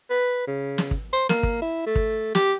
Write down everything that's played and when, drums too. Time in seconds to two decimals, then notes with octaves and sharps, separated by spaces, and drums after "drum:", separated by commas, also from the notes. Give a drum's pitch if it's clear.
0.10 B4
0.47 C#3
0.78 drum: snare
0.91 drum: kick
1.13 C5
1.29 A#3, drum: snare
1.43 drum: kick
1.62 E4
1.86 A3
1.96 drum: kick
2.35 G4, drum: snare